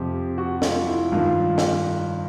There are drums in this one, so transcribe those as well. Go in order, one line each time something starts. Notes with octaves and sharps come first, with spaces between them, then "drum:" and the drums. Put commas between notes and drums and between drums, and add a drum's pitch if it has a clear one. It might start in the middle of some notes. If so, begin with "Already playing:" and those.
Already playing: F2 C3 F3 G4
F#4
F4, drum: snare
E4
G2 D#3 F4
drum: snare